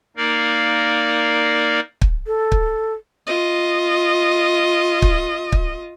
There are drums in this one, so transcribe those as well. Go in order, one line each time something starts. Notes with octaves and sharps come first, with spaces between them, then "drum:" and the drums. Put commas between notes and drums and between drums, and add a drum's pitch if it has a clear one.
A#3 D#4 A#4 D5 F5
drum: kick
A4
drum: kick
F4 D#5
drum: kick
drum: kick